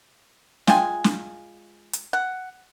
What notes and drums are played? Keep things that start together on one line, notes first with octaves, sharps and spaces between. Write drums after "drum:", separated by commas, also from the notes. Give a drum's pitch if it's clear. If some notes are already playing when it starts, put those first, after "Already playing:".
G#3 F4 G5 G#5, drum: snare
drum: snare
drum: hi-hat
F#5